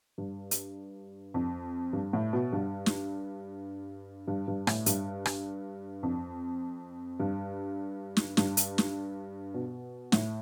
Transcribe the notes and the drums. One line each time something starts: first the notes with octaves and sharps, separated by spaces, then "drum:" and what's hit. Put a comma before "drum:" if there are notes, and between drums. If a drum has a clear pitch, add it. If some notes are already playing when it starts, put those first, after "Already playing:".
G2
drum: hi-hat
F2
G2
A2
B2
G2
drum: snare
G2
G2
A2, drum: rim click
G2, drum: hi-hat
drum: rim click
F2
G2
drum: snare
G2, drum: snare
drum: hi-hat
drum: snare
B2
A2, drum: snare